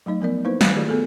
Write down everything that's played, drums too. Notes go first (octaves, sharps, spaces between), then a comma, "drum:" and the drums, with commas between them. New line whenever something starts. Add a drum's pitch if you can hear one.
F#3 A3 D#4 D#5
F3 B3 A#4 D5
A#3 D#4 E4 B4 C5
D#3 F5 G#5, drum: snare
D#3 A3 F4 G4 G#4 D5
B3 G#4 A4